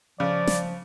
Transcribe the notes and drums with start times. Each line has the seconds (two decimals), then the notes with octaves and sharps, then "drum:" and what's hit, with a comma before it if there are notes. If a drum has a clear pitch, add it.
0.20 C#3 F3 D5
0.47 drum: snare